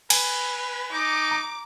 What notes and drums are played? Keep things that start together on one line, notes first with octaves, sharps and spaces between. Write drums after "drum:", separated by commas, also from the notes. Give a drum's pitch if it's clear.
B4 G#5, drum: cymbal
D#4 D6
A#5